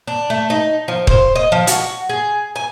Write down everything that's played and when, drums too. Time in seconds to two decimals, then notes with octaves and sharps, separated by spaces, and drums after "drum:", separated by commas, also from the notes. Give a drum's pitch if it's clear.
0.07 D4
0.30 A3
0.50 D#4
0.88 F3
1.07 C5, drum: kick D#1
1.36 D#5
1.52 F3
1.67 F#4, drum: hi-hat
2.09 G#4
2.56 G#5